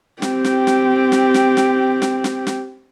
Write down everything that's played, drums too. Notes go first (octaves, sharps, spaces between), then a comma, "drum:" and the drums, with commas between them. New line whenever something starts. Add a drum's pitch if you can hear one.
C4 G4, drum: snare
drum: snare
drum: snare
drum: snare
drum: snare
drum: snare
drum: snare
drum: snare
drum: snare